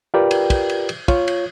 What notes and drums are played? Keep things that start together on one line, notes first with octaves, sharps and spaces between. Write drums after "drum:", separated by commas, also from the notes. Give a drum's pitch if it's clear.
F4 G4 A#4 B4 D5 G5
drum: cymbal
drum: kick, cymbal
drum: cymbal
drum: cymbal
F4 C#5, drum: kick, cymbal
drum: cymbal